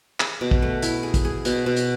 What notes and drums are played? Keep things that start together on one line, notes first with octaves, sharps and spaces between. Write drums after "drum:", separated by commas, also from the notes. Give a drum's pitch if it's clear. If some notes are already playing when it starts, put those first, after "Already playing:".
G#4, drum: clap
B2
drum: kick
A3
E4, drum: hi-hat
G#4
drum: kick, hi-hat
G#4
B2, drum: hi-hat
B2
drum: hi-hat